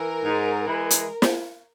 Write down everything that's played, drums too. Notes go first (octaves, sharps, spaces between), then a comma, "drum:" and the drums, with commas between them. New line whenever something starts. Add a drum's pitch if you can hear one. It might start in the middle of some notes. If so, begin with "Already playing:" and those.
Already playing: E3 A#4
G#2
E3 G#3 E4
drum: hi-hat
drum: snare